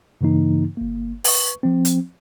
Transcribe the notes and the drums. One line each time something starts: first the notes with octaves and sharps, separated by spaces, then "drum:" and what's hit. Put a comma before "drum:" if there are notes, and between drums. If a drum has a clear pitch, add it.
G2 C#3 E3 A#3 D#4
G1 A#3
B4 C#6, drum: open hi-hat
F3 C4
drum: hi-hat